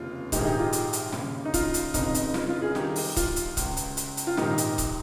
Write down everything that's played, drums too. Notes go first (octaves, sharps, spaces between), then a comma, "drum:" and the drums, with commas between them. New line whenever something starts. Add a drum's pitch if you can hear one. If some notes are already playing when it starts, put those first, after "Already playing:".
Already playing: F1 D#2 C#3 F4
A#1 G#2 D#3 D#4 G4, drum: kick C#1, hi-hat
G#4
D#4 G4
F4
drum: hi-hat
drum: hi-hat
D#2 C#3, drum: snare
D#4
F4, drum: kick C#1, hi-hat
drum: hi-hat
F1 F2 C#3 D#4, drum: kick C#1, hi-hat
drum: hi-hat
F4, drum: snare
F4
F4 G#4
C2 C3 D#3 D#4 G4, drum: snare
drum: open hi-hat
F4, drum: kick C#1, hi-hat
drum: hi-hat
C#2 C#3, drum: kick C#1, hi-hat
drum: hi-hat
drum: hi-hat
drum: hi-hat
F4
A#1 G#2 D#3 D#4 G4, drum: snare
drum: hi-hat
drum: kick C#1, hi-hat